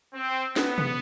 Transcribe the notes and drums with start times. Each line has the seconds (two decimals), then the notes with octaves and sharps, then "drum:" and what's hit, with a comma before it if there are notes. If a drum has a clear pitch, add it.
0.14 C4
0.56 B3, drum: snare
0.78 drum: tom